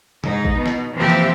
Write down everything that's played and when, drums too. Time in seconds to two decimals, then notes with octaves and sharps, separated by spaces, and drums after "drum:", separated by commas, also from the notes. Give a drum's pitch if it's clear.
0.24 G#2 D#4, drum: tom C3
0.45 drum: kick
0.56 B2
0.66 drum: snare
0.95 C3 E3 F3 A#3 G4 E5
1.08 drum: snare